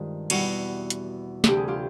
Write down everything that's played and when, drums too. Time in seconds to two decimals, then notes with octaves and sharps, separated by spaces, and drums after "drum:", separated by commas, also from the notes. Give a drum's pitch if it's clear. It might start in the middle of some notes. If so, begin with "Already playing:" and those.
Already playing: G2 D#3 G#3 C4 F4
0.30 E2 B2 G3 E4 F#4, drum: cymbal
0.90 drum: hi-hat
1.44 D2 C3 E3 A3 G4, drum: snare
1.57 G#4
1.68 F4 G4